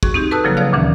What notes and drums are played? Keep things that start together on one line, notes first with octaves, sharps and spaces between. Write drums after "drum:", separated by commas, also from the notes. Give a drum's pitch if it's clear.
F#4 G#4 C#6, drum: kick
C4 D#4 G4
A4 B4 A5 D#6 E6 F#6
C#3 F3 F#3 A#3
G#4 C#5 D5 F5
D2 A#2 D#3 E3 C#4